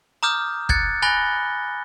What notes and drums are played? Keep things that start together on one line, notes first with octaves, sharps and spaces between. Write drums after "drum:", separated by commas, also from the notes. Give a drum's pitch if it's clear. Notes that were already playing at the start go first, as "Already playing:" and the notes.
A#5 D6 D#6 F6 G6
F#6 G#6 A6 C#7, drum: kick
G#5 B5 F#6 A6 A#6 G7